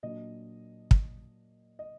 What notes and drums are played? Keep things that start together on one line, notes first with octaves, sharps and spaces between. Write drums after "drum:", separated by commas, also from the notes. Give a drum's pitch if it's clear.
A#2 F#3 A#3 D4 D#5
drum: kick
D#5